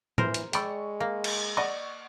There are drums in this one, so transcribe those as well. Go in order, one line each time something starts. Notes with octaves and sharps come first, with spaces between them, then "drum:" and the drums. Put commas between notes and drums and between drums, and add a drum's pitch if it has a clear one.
E3 A#4 C5, drum: tom A2
drum: hi-hat
G#3 D5 G5 B5 C#6 E6, drum: hi-hat
A#3
drum: cymbal
D5 D#5 F#5 C#6